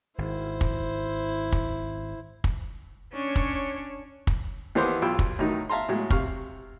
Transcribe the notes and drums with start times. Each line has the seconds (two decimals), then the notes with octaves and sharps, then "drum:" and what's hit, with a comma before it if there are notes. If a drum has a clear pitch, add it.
0.18 G#1 E4 C5
0.61 drum: kick
1.52 drum: kick
2.44 drum: kick
3.13 C#4 D4 C#5
3.36 drum: kick
4.27 drum: kick
4.75 D#2 E3 B3 C5 C6 D6
5.02 B1 F4 G5 B5 E6
5.19 drum: kick
5.39 A2 D#3 F#3 D#4
5.69 E5 F5 A5 A#5 C6
5.89 A2 F#3 G#3
6.10 C3 F5 C#6 F6, drum: kick